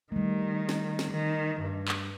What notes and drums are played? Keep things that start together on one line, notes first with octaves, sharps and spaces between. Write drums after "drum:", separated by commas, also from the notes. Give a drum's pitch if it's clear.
D#3 G3 A3
drum: snare
drum: snare
D#3
G2
drum: clap